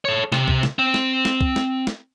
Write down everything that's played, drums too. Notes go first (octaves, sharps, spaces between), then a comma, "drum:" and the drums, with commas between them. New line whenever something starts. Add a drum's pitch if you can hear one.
A4 C#5
C3, drum: snare
drum: kick C2
drum: snare
C4
drum: snare
drum: snare
drum: kick C2
drum: snare
drum: snare